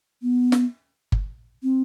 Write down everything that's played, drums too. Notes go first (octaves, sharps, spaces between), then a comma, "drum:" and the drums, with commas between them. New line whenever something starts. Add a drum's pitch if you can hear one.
B3
drum: snare
drum: kick G1
C4